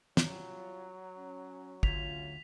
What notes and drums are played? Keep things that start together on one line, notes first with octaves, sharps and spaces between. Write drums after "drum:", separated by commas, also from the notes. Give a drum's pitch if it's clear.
F#3 G3 C#4 F4, drum: snare
C#4
D2 C#3 F4 B6 F7, drum: kick